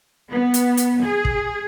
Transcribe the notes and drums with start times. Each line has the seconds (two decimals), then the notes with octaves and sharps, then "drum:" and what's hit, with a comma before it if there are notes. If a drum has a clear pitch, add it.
0.30 B3
0.54 drum: hi-hat
0.77 drum: hi-hat
1.03 G#4
1.25 drum: kick